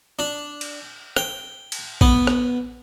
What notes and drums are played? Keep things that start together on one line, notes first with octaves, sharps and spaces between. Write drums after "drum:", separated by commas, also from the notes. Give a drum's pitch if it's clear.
D4
drum: cymbal
G5, drum: rim click
drum: cymbal
B3, drum: kick
drum: rim click